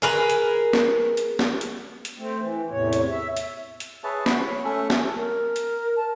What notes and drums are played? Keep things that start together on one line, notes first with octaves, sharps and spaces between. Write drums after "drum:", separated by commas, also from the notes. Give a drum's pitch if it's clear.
G#4 A#4 B4
drum: hi-hat
drum: snare
drum: hi-hat
drum: snare
drum: hi-hat
drum: hi-hat
A3 C4
E3
E2 A2 C3 C#5
drum: hi-hat
E5
drum: hi-hat
drum: hi-hat
G#4 B4 C#5 E5 A5
F#4 B5, drum: snare
C#5
A3 C#4 A4 E5
drum: snare
A#4
drum: hi-hat
A5